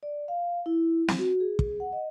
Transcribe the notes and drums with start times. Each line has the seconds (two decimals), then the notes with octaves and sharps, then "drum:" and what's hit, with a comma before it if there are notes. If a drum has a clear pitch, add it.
0.03 D5
0.28 F5
0.66 E4
1.08 drum: snare
1.19 F#4
1.40 G#4
1.59 drum: kick
1.80 F#5
1.93 D#5